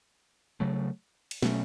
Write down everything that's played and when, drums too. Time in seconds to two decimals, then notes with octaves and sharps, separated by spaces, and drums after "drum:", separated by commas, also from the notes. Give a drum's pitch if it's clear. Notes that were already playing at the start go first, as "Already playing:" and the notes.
0.60 C#3 F#3 A3
1.31 drum: cymbal
1.42 B2 F#3 A3 C#4, drum: snare